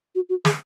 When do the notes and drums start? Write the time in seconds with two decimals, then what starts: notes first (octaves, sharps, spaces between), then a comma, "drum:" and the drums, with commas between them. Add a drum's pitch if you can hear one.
0.15 F#4
0.29 F#4
0.45 G#4, drum: snare